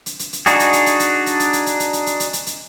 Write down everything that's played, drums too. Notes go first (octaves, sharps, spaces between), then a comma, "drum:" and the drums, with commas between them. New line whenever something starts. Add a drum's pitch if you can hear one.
drum: hi-hat
drum: hi-hat
drum: hi-hat
D4 D#4 F#4 G#4, drum: hi-hat
drum: hi-hat
drum: hi-hat
drum: hi-hat
drum: hi-hat
drum: hi-hat
drum: hi-hat
drum: hi-hat
drum: hi-hat
drum: hi-hat
drum: hi-hat
drum: hi-hat
drum: hi-hat
drum: hi-hat
drum: hi-hat